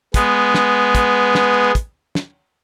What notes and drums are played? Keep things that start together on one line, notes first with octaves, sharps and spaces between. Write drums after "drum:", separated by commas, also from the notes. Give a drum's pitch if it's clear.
G#3 B3, drum: kick, hi-hat
drum: snare
drum: kick, hi-hat
drum: snare
drum: kick, hi-hat
drum: snare